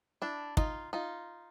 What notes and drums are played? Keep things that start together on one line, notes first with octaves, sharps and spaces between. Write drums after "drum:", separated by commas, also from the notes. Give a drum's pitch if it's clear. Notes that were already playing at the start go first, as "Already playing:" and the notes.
D4 E4
D#4 F4, drum: kick
D#4 F4